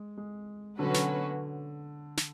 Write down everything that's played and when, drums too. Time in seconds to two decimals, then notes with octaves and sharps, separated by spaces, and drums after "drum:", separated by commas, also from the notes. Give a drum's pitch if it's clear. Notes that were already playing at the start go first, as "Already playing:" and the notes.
Already playing: G#3
0.17 G#3
0.79 B2 D3 F#3 C#4 F#4 B4
0.94 drum: snare
2.17 drum: snare